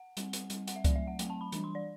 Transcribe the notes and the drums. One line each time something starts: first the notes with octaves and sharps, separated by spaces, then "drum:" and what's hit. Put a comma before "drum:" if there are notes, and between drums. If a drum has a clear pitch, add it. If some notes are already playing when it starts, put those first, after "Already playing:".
Already playing: F#5
G3 C4, drum: hi-hat
drum: hi-hat
G3 C4, drum: hi-hat
F#5, drum: hi-hat
E5
F#3 A3 C4 D5, drum: kick C#2, hi-hat
E5
F#5
F#3 A3 C4 G5, drum: hi-hat
A5
B5
E3 G3 D4 B5, drum: hi-hat
C6
D5